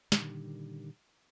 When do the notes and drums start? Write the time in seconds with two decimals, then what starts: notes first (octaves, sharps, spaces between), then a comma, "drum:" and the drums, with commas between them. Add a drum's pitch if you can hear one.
0.12 A#2 D3 D#3 G3, drum: snare